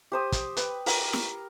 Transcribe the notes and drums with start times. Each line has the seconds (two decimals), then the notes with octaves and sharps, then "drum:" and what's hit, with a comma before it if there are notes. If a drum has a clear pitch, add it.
0.12 G4 C5 D#6
0.32 drum: kick, hi-hat
0.57 B4, drum: hi-hat
0.86 A#4, drum: open hi-hat
1.13 drum: snare